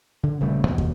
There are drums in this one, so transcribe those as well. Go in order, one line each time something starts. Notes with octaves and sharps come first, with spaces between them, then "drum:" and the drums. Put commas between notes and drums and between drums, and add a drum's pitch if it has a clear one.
D3
D#1 C#3 G3 A3
D#2 B2
drum: kick